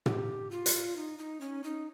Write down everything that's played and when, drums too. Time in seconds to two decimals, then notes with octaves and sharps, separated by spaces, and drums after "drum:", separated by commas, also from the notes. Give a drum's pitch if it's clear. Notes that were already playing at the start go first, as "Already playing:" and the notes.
0.06 G4, drum: tom
0.51 F4
0.66 drum: hi-hat
0.96 D#4
1.18 D#4
1.41 C#4
1.64 D#4